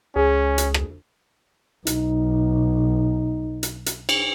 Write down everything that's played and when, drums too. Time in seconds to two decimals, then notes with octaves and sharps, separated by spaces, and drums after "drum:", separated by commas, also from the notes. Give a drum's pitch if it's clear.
0.16 C#2 C#4 G#4
0.58 drum: hi-hat
0.74 drum: rim click
1.87 B1 D#4, drum: hi-hat
3.63 drum: hi-hat
3.86 drum: hi-hat
4.09 drum: cymbal